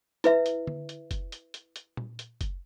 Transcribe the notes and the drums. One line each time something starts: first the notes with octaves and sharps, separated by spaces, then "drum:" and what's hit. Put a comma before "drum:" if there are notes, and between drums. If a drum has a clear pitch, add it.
E4 B4 E5, drum: hi-hat
drum: hi-hat
drum: tom D3
drum: hi-hat
drum: kick F#1, hi-hat
drum: hi-hat
drum: hi-hat
drum: hi-hat
drum: tom A#2
drum: hi-hat
drum: kick F#1, hi-hat